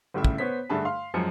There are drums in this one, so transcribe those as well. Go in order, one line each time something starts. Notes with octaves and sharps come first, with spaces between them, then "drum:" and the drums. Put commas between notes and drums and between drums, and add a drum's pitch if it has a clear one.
G1 A2 C#3 E4 E5
drum: kick
B3 C5 C#5 B6
G2 D3 A3 G#4 A5 B5
F5 C6
F#2 F3 G#3 C#7